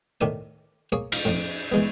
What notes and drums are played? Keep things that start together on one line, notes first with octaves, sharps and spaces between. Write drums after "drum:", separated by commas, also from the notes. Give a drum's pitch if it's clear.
A2 D#3 A3 D5 G#5
A#3 G#4 C#5
F5, drum: cymbal
F2 A2
E3 G#3 B3